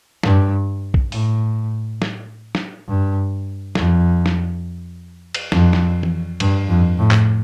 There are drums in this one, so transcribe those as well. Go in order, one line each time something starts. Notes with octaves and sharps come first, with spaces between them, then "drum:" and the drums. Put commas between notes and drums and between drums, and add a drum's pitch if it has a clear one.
G2, drum: snare
drum: kick B1
A2, drum: open hi-hat
drum: snare
drum: snare
G2
F2, drum: snare
drum: snare
drum: cymbal
F2, drum: snare
drum: snare
drum: tom E3
G2, drum: cymbal
F2
A2
drum: clap